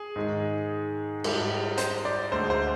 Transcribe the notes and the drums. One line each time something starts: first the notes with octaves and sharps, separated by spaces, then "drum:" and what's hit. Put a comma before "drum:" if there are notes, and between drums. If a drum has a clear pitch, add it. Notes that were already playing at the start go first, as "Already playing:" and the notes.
Already playing: G#4
G#2 D#3 G#3
G#2 G3, drum: cymbal
C5, drum: hi-hat
D5
D2 D3 G#3 C5
C5